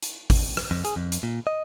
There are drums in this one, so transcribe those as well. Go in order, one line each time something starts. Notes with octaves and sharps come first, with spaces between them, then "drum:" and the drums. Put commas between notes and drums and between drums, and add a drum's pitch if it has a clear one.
drum: hi-hat
drum: kick G#1, open hi-hat
drum: rim click
F2
G#4, drum: hi-hat
F2
drum: hi-hat
A#2
D#5